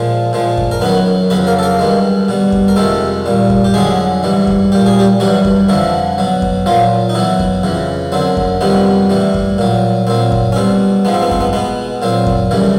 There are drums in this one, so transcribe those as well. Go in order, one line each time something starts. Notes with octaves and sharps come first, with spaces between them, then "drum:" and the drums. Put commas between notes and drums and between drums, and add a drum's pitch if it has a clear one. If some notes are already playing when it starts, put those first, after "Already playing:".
Already playing: A#2 F3 G#3
A#2 F3 G#3
drum: kick F#2
A#4
F#2 D#3 F#3 B3 B4
F2 C#3 F#3 B3 B4
A#3 A#4
A4
A#3 A#4
G2 D#3 G#3
B2 G3
drum: kick F#2
A#4
F2 C3 D#3 G#3 A3 A4
A#2 G3
drum: kick F#2
G4
F2 D3 F#3 G#3 G#4
G#2 E3 G3
drum: kick F#2
A#2 G3 G4
G#4
G3 G4
G2 E3 F#3 G3 F#4
drum: kick F#2
F2 D3 E3 F3 E4
B2 F#3
drum: kick F#2
A#2 F3 F#3 F4
D#4
B2 E3 F#3 E4
drum: kick F#2
F2 C#3 E3
F#2 D3 F#3 C4
drum: kick F#2
F2 C3 D#3 G3 B3
A2 E3 G3
drum: kick F#2
A#2 F#3
A#2 F#3 C4
drum: kick F#2
C#4
B2 G3 C4
G#2 F3 G#3 B3
C4
B3
C4, drum: kick F#2
B3
B2 G#3 B3
A#2 F#3 C4
drum: kick F#2
F#2 C#3 E3 G3